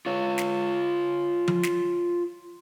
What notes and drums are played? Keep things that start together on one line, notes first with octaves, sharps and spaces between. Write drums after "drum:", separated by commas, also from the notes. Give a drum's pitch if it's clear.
F4 C#5
drum: snare
drum: tom F3
drum: snare